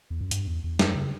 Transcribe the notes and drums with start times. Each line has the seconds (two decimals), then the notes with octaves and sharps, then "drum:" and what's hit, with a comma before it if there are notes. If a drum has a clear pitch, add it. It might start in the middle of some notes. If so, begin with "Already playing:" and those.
0.10 E2
0.21 F#2
0.31 G2, drum: hi-hat
0.47 E2
0.64 E2
0.79 F#2, drum: snare
0.95 C#3